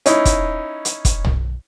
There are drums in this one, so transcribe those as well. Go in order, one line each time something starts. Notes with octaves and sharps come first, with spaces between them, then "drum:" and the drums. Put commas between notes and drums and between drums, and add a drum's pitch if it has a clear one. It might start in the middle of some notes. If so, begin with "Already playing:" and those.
C#4 D#4 E4, drum: hi-hat
drum: kick, hi-hat
drum: hi-hat
drum: kick, hi-hat
drum: tom